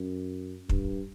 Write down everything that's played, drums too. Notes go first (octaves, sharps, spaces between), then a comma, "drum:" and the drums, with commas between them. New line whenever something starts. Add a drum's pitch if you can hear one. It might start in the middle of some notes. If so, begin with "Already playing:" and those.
Already playing: F#2
G2, drum: kick